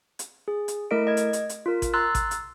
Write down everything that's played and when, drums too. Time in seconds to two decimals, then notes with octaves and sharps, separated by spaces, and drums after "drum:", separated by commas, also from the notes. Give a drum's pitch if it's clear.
0.19 drum: hi-hat
0.48 G#4
0.68 drum: hi-hat
0.91 A3 E4 A#4 D#5 D7
1.07 D#5 G#6
1.17 drum: hi-hat
1.33 drum: hi-hat
1.49 drum: hi-hat
1.66 F4 A#4
1.82 drum: kick G#1, hi-hat
1.94 A#5 C6 E6 F#6 A6
2.15 drum: kick G#1, hi-hat
2.31 drum: hi-hat